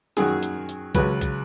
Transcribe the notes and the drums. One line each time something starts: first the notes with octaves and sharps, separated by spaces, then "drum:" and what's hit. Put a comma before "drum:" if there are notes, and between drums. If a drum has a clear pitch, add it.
F#2 D#3 F#3 G#4, drum: hi-hat
drum: hi-hat
drum: hi-hat
C#2 C#3 F#3 B4, drum: kick, hi-hat
drum: kick, hi-hat